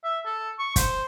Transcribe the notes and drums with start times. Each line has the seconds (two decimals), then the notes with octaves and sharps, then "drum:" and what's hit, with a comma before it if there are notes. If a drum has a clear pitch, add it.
0.04 E5
0.25 A4
0.59 C#6
0.76 C5, drum: kick, hi-hat